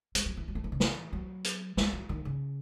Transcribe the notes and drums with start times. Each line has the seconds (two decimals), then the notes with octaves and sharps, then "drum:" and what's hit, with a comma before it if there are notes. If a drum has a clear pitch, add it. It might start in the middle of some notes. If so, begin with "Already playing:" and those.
0.15 G#3, drum: hi-hat
0.26 F#3
0.37 E3
0.48 F#3
0.55 A3
0.64 E3
0.72 C#3
0.80 E3, drum: snare
1.13 F#3
1.44 drum: hi-hat
1.77 G#3, drum: snare
1.93 F#3
2.09 D#3
2.25 C#3